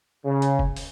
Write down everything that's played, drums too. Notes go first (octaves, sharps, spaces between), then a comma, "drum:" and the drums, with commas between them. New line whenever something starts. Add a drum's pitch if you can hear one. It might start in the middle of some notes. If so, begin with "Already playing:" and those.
C#3
drum: hi-hat
drum: kick F#1
drum: open hi-hat